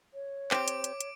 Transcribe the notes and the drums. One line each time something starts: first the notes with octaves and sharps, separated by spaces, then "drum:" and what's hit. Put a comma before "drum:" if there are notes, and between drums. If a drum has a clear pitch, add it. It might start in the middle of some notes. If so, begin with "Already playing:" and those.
C#5
C4 G4 D6 D7, drum: clap
drum: hi-hat
drum: hi-hat
drum: hi-hat